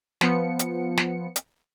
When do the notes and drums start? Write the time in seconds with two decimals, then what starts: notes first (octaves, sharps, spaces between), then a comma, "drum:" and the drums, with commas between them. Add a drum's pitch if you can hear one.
0.21 F3 B3 C#7, drum: snare
0.59 drum: hi-hat
0.97 drum: snare
1.36 drum: hi-hat